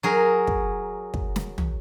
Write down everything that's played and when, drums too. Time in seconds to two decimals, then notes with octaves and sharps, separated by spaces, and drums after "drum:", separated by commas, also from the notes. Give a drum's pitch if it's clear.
0.03 F#3 G#4 A#4
0.47 drum: kick
1.14 drum: kick
1.36 drum: snare
1.58 drum: tom